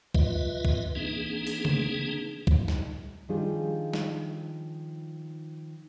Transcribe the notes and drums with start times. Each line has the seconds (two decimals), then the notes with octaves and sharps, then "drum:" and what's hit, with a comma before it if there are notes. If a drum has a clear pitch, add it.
0.15 F4 B4 D#5 E5, drum: kick
0.65 drum: kick
0.95 E3 A#3 C4 D4 D#4 G#4
1.47 drum: open hi-hat
1.65 drum: tom C#3
2.47 drum: kick
2.68 drum: snare
3.29 D#3 F3 G3 D4 F4 G#4
3.93 drum: snare